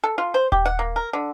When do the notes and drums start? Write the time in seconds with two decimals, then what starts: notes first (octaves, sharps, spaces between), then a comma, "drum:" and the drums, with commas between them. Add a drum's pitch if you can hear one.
0.04 A4
0.18 F4
0.34 C5
0.52 G4, drum: kick D#1
0.66 F#5
0.79 A#3
0.96 A#4
1.13 D3